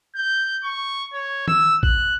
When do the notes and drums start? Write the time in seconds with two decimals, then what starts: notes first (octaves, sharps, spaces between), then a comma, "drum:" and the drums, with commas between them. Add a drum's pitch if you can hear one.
0.16 G6
0.63 C#6
1.13 C#5
1.48 E6, drum: tom D#3
1.83 F#6, drum: kick